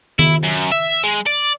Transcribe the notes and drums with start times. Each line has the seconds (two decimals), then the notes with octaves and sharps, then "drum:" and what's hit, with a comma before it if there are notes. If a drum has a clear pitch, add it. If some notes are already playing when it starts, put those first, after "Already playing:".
0.19 E4, drum: tom D#3
0.44 F#2
0.72 E5
1.04 G#3
1.27 D5